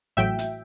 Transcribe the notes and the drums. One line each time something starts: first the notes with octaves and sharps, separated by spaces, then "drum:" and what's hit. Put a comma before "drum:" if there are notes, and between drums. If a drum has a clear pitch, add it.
A1 A2 F#3 E5 G5
drum: hi-hat